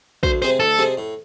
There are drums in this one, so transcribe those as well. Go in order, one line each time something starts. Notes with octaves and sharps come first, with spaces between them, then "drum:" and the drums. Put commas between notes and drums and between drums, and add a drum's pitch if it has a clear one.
D2 C5, drum: kick
C3 G#3 C4 G#4 C5
D2 A4
C3 G#3 C4 G#4
A2